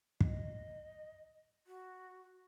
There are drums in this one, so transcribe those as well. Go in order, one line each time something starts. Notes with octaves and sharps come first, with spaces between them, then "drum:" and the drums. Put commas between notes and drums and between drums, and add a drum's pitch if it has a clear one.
D#5, drum: kick
F#4